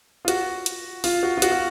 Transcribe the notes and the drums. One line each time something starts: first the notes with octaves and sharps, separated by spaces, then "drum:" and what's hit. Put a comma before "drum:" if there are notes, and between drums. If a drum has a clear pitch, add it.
F4
F#4, drum: hi-hat
drum: hi-hat
F4, drum: open hi-hat
F#4
F4
F#4, drum: hi-hat
F4